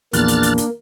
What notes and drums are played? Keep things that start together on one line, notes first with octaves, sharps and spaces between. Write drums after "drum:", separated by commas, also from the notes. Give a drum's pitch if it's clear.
A#1 E2 A#3 D4 F6 F#6 A6, drum: hi-hat
drum: hi-hat
drum: hi-hat
drum: hi-hat